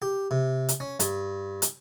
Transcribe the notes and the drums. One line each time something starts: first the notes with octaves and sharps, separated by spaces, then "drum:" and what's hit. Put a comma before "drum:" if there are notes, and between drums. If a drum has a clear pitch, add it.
G4
C3
drum: hi-hat
C#4
G2, drum: hi-hat
drum: hi-hat